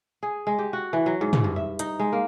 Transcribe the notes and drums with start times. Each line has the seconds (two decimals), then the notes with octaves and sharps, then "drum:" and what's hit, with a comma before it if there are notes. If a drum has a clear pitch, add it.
0.23 G#4
0.47 G#3
0.59 G4
0.73 F#4
0.93 E3
1.06 F#3
1.21 G#2
1.33 drum: tom
1.44 G2
1.56 E5
1.79 D#4, drum: hi-hat
1.99 G#3
2.12 A#3